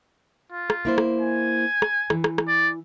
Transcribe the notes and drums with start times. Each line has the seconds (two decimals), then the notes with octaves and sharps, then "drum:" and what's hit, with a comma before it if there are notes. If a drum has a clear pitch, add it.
0.52 F4
0.70 drum: rim click
0.85 A#3 E4 C5
0.98 drum: rim click
1.20 G#5
1.82 drum: rim click
2.10 E3, drum: rim click
2.24 drum: rim click
2.38 drum: rim click
2.48 D5